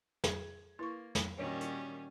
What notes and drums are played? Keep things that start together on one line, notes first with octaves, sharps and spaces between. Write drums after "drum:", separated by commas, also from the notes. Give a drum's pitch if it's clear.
G#4 G#6, drum: snare
A#3 E4 B4 C#6 A6
drum: snare
A#2 D#3 G3 C#4 F#4 C#5 D#5
drum: hi-hat